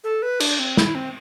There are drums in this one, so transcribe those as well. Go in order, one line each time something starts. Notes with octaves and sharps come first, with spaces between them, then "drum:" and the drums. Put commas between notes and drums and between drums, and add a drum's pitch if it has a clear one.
A4
B4
D4, drum: cymbal
C4
E4, drum: snare
C4